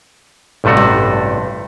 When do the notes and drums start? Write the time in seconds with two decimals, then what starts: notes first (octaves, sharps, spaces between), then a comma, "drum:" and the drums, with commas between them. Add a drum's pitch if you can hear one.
0.64 A1 G2 C3 A3 F#4
0.77 drum: tom G3